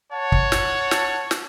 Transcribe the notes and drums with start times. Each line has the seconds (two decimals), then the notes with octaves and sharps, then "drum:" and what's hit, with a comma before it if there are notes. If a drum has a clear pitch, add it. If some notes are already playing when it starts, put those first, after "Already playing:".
0.12 C#5 F#5 A5
0.32 drum: kick
0.52 drum: snare
0.91 drum: snare
1.31 drum: snare